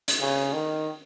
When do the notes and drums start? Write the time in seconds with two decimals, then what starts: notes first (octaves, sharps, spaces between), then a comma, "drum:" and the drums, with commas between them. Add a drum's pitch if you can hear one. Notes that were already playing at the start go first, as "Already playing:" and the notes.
0.08 drum: hi-hat
0.20 C#3
0.53 D#3